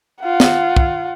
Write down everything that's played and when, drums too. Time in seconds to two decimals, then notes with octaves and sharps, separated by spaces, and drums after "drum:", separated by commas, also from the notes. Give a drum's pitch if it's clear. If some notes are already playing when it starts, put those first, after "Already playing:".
0.22 F4 F#5
0.40 drum: snare
0.76 drum: kick